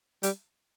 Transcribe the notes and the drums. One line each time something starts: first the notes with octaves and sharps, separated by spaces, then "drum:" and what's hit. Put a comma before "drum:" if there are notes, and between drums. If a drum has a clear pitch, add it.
G3, drum: hi-hat